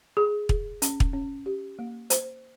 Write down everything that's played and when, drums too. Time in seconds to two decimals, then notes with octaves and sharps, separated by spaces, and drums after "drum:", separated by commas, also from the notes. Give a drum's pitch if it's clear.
0.17 G#4
0.49 G#4, drum: kick
0.82 C#4, drum: hi-hat
1.00 drum: kick
1.13 C#4
1.46 G4
1.79 A#3
2.10 C5, drum: hi-hat